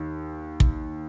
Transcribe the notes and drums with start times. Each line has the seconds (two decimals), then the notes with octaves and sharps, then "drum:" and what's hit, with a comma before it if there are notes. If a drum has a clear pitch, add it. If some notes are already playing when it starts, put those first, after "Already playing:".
Already playing: D#2 D#3
0.60 drum: kick